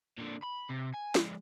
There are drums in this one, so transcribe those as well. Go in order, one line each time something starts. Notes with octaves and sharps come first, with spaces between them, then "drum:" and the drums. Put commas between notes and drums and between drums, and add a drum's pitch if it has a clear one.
A#2 D3
B5
C3
G#5
F3 G#3, drum: snare